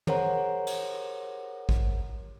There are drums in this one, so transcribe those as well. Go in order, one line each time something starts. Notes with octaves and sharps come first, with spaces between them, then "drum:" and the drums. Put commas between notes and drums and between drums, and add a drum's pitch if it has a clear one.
G#4 A#4 C5 C#5 F#5 A#5, drum: tom
drum: cymbal
drum: kick A1